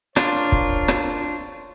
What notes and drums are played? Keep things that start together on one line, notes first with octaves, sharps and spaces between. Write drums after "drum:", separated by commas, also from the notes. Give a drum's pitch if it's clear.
D4 F4 A#4 C5 C#5, drum: rim click
drum: kick
drum: rim click